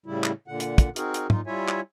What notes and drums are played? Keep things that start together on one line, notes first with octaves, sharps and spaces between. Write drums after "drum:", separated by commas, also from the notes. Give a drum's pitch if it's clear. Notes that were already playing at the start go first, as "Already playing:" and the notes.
A2 C#3 G3 E4
drum: clap
A#2 D3 F#5
drum: hi-hat
drum: kick, hi-hat
C4 D#4 F#4 G#4 A#4, drum: hi-hat
drum: hi-hat
A#2 D#4 F4, drum: tom
G3 E4 F4 C#5 E5 G#5
drum: clap